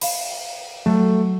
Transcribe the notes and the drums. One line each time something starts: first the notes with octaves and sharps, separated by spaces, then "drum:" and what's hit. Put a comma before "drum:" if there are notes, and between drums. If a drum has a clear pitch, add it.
F5 B5, drum: open hi-hat
F#3 A3 A4